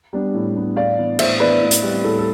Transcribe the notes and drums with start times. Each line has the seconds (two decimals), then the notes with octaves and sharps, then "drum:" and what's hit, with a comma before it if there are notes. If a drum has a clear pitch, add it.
0.13 G3 B3 D4
0.34 A2
0.55 G3 B3 D4
0.76 A2 D5 F5
0.98 E3 B3 D4
1.19 A2 C5 E5, drum: cymbal
1.40 E3 B3 D4 B4 D5
1.61 A2
1.71 drum: hi-hat
1.83 G3 C4
2.04 A2 A4
2.19 A4